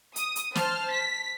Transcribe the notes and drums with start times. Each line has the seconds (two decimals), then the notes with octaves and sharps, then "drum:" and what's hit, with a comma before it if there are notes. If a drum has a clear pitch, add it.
0.16 D#6, drum: hi-hat
0.36 drum: hi-hat
0.55 C5 A5 F6, drum: snare
0.91 B6